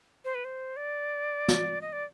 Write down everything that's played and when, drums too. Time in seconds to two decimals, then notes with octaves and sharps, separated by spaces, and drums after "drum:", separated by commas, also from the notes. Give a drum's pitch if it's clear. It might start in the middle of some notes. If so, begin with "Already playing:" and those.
0.25 C5
0.35 B4
0.45 C5
0.77 D5
1.48 drum: snare
1.81 D#5
1.93 D5